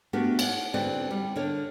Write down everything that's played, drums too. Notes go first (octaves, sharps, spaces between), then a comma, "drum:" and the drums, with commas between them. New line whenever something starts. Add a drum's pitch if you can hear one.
A3 B3 D4 F#4 G4 A#4
C#5 F5 F#5, drum: cymbal
D3 C4 F#4 B4 D5
G3
D3 D4 A#4 C#5